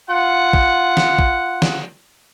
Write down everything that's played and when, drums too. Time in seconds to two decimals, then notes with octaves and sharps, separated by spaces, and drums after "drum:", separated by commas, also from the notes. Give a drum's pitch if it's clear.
0.10 F4 F#5
0.53 drum: kick
0.97 drum: snare
1.19 drum: kick
1.62 drum: snare